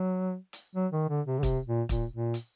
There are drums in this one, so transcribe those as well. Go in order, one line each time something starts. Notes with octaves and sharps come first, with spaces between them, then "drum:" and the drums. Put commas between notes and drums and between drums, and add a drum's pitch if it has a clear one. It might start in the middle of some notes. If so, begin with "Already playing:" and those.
Already playing: F#3
drum: hi-hat
F#3
D#3
D3
C3
D3
C3, drum: kick, hi-hat
A#2
A#2, drum: kick, hi-hat
A#2
drum: hi-hat